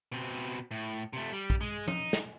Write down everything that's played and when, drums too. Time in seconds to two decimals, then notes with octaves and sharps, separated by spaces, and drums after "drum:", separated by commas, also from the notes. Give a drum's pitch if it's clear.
0.12 B2 C4
0.71 A2
1.13 C3 A3
1.33 G3
1.50 drum: kick
1.61 G#3
1.88 D#4, drum: tom F3
2.13 drum: snare